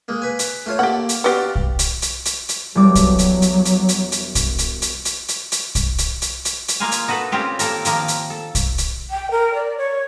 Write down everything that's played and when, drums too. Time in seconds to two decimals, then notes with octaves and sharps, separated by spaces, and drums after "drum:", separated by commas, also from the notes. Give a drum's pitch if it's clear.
0.08 G#3 A#3
0.22 B4 G#5
0.39 drum: hi-hat
0.66 A3 F4 C#5
0.79 A#3 G4 A4 F#5
1.09 drum: hi-hat
1.24 B3 F#4 G4 D5 F5
1.55 drum: kick
1.79 drum: hi-hat
2.02 drum: hi-hat
2.25 drum: hi-hat
2.49 drum: hi-hat
2.75 E1 F#3 G3 D6
2.95 drum: kick, hi-hat
3.19 drum: hi-hat
3.42 drum: hi-hat
3.65 drum: hi-hat
3.89 drum: hi-hat
4.12 drum: hi-hat
4.35 drum: kick, hi-hat
4.59 drum: hi-hat
4.82 drum: hi-hat
5.05 drum: hi-hat
5.28 drum: hi-hat
5.52 drum: hi-hat
5.75 drum: kick, hi-hat
5.98 drum: hi-hat
6.22 drum: hi-hat
6.45 drum: hi-hat
6.68 drum: hi-hat
6.80 G#3 A#3 F4 F5 G#5
6.92 drum: hi-hat
7.08 D#4 F#4 A4 B4
7.32 C4 C#4 F4 G4
7.59 A#3 A4 A#4, drum: hi-hat
7.85 D#3 F3 A#3, drum: hi-hat
8.08 drum: hi-hat
8.30 A4
8.55 drum: kick, hi-hat
8.78 drum: hi-hat
9.10 G5
9.31 A#4
9.54 D5
9.78 C#5